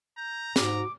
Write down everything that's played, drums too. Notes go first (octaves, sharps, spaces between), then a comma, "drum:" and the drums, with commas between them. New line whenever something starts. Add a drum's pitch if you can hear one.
A#5 G6
G#2 F#4 D6, drum: snare